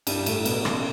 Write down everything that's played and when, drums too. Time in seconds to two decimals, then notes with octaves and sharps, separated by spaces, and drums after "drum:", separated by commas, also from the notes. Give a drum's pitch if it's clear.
0.07 G2 G3, drum: cymbal
0.26 A2 A3, drum: cymbal
0.45 B2 B3, drum: cymbal
0.65 C#3 C#4, drum: rim click